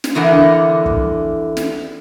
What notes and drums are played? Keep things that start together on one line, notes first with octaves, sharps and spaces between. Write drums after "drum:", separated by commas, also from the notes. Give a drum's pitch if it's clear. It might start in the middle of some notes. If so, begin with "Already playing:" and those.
drum: snare
E2 D3 E3 A#4 F#5
drum: kick
drum: snare